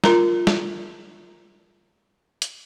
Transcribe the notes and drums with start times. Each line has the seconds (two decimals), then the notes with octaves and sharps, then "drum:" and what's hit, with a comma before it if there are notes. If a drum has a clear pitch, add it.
0.04 F4 A#4 A#5, drum: snare
0.47 drum: snare
2.42 drum: hi-hat